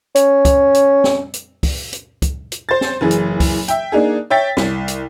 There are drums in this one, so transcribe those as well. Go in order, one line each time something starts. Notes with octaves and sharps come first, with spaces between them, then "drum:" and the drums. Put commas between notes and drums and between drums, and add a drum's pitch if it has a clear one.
C#4, drum: hi-hat
drum: kick C#2, hi-hat
drum: hi-hat
drum: snare
drum: hi-hat
drum: kick C#2, open hi-hat
drum: hi-hat
drum: kick C#2, hi-hat
drum: hi-hat
C5 A6
drum: snare
F#1 E3 G#4
drum: hi-hat
drum: kick C#2, open hi-hat
E5 G5, drum: hi-hat
A#3 D4 D#4 G#4
C#5 E5 G5 A6 B6
C2, drum: snare
drum: hi-hat